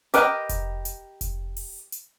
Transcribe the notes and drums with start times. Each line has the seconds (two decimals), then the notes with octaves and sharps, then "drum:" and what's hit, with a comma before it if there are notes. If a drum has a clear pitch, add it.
0.14 G4 A#4 B4 D#5 G5, drum: hi-hat
0.49 drum: kick F1, hi-hat
0.85 drum: hi-hat
1.21 drum: kick F1, hi-hat
1.57 drum: open hi-hat
1.92 drum: hi-hat